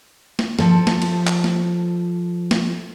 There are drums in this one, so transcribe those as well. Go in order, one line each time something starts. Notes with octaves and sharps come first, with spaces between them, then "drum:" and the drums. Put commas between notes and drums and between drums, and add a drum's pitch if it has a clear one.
drum: snare
F3 A4, drum: snare
drum: snare
drum: cymbal
drum: clap
drum: snare
drum: snare